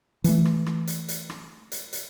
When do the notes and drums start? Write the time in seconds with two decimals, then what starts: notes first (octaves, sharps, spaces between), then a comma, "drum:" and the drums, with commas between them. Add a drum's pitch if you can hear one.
0.24 E3 A3, drum: hi-hat
0.45 drum: rim click
0.66 drum: rim click
0.87 drum: hi-hat
1.08 drum: hi-hat
1.29 drum: rim click
1.72 drum: hi-hat
1.93 drum: hi-hat